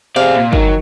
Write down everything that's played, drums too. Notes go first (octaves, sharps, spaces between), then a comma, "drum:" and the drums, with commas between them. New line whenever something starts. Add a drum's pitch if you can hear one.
C3 G#4 D5 F5
A#2
D#3 F#3, drum: kick